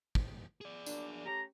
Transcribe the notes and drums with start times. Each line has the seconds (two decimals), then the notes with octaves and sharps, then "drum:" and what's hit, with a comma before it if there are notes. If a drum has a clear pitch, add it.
0.15 drum: kick
0.61 G#4 D5
0.86 F#3 A#3 D4, drum: tambourine
1.26 A3 C#4 G4 A#5